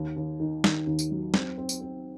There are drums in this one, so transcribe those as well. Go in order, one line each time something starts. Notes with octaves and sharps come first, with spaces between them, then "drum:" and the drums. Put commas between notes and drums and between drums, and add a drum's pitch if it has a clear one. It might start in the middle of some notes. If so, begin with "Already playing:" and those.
Already playing: D#2
D#2
D#3
D#3, drum: snare
D#2
drum: tambourine
F#3
C4, drum: snare
C4
drum: tambourine
C4